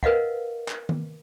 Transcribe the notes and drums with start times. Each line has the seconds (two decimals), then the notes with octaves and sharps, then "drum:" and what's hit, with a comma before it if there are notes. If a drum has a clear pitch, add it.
0.03 A#4 B4 D#5 F5 F#5, drum: kick
0.68 drum: clap
0.89 drum: tom D#3